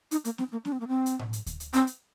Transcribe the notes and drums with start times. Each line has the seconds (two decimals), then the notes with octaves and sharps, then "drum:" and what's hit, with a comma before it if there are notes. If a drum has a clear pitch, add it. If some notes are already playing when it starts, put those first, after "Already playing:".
0.11 D#4, drum: hi-hat
0.25 A#3, drum: hi-hat
0.38 C4, drum: snare
0.52 A#3
0.65 D4, drum: snare
0.72 C4
0.80 A#3
0.88 C4
1.06 drum: hi-hat
1.19 drum: tom A2
1.33 drum: hi-hat
1.46 drum: kick D2, hi-hat
1.60 drum: hi-hat
1.73 C4, drum: hi-hat
1.87 drum: hi-hat